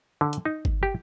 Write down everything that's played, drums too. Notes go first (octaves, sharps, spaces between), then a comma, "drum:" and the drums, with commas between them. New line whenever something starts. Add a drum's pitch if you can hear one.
D3
drum: hi-hat
D#4
drum: kick G1
G4